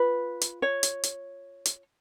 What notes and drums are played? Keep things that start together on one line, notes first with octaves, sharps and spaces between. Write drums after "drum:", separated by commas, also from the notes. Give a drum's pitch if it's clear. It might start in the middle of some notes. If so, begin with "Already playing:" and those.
Already playing: F4 B4
drum: hi-hat
C#5
drum: hi-hat
drum: hi-hat
drum: hi-hat